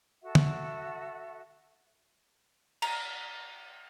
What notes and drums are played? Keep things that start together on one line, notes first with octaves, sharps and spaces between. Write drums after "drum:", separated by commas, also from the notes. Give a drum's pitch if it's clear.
F#4 A4 E5 F#5
drum: tom
A#5, drum: cymbal